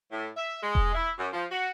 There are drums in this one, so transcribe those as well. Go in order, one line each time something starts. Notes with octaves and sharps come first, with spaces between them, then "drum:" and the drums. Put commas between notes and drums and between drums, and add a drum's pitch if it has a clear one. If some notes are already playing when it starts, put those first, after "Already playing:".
A2
E5
G#3
drum: kick E1
E4
F#2
F3
F#4